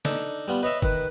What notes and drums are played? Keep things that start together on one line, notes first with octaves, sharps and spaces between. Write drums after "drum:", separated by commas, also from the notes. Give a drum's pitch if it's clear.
D4 D#4 A4, drum: snare
G3 B3 F4
B4 C#5 D#5 E5
D#3 B4, drum: kick